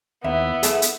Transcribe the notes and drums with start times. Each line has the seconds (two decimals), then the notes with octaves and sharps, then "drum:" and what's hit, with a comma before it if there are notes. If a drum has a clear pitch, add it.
0.24 D#2 B3 E4 E5
0.63 G#4 A4 E5, drum: hi-hat
0.82 drum: hi-hat